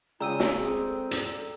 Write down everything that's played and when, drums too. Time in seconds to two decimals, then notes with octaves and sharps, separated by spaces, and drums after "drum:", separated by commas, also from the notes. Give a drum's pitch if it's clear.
0.20 C#3 G#3 F4 D5 G5 A#5 E6 D#7
0.40 drum: snare
0.56 C4 G#4
0.87 A4
1.11 drum: hi-hat